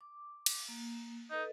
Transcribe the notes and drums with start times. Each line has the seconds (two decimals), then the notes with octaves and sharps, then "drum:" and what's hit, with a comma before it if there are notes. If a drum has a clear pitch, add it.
0.01 D6
0.46 drum: cymbal
0.68 A#3
1.31 D#4 A4 B4 D#5